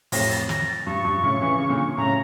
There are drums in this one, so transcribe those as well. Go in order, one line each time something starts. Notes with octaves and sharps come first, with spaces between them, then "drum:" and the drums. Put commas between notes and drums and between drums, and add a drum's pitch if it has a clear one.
F2 A2 A#6, drum: open hi-hat
A6
A#6, drum: snare
A6
G2 C#6
G2
A2 C#3
C#3 E3
C#3
A#2 D3
A2 C#3 A#5